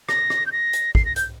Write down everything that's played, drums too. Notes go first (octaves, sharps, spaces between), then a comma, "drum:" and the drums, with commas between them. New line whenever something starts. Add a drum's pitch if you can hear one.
A#6, drum: rim click
drum: rim click
G6
A#6
drum: hi-hat
C7, drum: kick
A#6
G6, drum: hi-hat